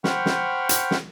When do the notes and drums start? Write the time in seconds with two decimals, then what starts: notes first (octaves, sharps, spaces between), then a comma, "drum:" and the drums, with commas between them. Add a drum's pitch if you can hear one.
0.04 C5 F#5 G5 B5 C#6 F6, drum: snare
0.26 drum: snare
0.69 drum: hi-hat
0.91 drum: snare